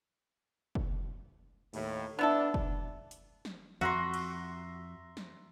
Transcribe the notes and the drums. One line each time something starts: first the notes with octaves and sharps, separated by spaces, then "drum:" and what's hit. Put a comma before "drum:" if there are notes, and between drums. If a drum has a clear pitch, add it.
drum: kick
D#2 A2, drum: cymbal
B3 D4 E4 A4
drum: kick
drum: hi-hat
drum: snare
F2 F#4 E5 A#5 C6
drum: cymbal
drum: snare